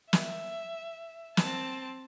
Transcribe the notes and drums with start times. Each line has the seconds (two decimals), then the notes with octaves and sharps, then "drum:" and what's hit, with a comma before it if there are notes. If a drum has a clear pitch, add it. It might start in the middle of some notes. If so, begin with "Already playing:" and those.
0.13 E5, drum: snare
1.37 C4 A5, drum: snare